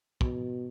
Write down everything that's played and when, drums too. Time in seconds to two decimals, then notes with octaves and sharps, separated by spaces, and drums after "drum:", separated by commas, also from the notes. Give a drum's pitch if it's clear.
0.21 B2, drum: kick